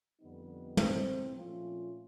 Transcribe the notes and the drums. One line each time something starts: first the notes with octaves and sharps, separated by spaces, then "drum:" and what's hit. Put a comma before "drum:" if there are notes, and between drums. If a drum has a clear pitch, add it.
F2 D3 G3 B3 D#4
B1 A2 E3 A3 C4, drum: tom
A#2 F3 A3 C#4 F4